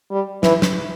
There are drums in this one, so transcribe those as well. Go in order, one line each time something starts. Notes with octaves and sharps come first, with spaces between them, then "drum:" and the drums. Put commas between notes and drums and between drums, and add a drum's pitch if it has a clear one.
G3
E3, drum: snare
drum: snare